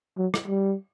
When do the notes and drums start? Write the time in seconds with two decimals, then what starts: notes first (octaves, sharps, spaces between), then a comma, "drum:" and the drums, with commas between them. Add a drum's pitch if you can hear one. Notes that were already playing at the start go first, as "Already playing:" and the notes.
0.18 F#3
0.34 drum: rim click
0.47 G3